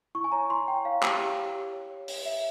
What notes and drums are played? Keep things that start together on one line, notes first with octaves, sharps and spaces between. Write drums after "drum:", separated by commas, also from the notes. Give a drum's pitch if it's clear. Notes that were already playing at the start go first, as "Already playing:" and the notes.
E4 C#6
G#5
C#5 A#5
E4 C6
E4 G5
C#5 F5
G4, drum: clap
E4
G4
C#5
C#5
C#5
C#5, drum: open hi-hat
C#5 E5